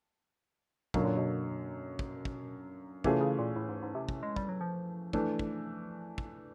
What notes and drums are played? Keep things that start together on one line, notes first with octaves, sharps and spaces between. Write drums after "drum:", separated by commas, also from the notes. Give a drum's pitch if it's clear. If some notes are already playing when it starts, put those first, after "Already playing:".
F#2 B2 D3 F#3 A#3, drum: kick
A#2
B2
drum: kick
drum: kick
C3 E3 A3 C#4 F4 G#4, drum: kick
C#3
A#2
A2
G#2
G#2
C3
drum: kick
G#3
G3, drum: kick
F#3
F3
E3 A3 D4, drum: kick
drum: kick
drum: kick